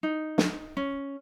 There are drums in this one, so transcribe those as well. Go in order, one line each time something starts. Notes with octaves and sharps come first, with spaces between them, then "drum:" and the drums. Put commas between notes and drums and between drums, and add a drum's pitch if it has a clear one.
D#4
drum: snare
C#4